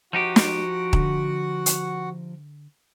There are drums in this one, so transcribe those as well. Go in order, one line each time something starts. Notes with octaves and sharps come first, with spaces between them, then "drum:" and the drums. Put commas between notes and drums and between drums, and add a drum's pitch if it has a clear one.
F3 D#4 F#4 G4 F#5
drum: snare
D3, drum: kick
drum: hi-hat